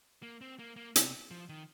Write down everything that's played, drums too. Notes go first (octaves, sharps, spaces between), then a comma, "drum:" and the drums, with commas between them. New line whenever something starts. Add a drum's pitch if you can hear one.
A#3
C4
A#3
A#3
C3, drum: hi-hat
F3
D#3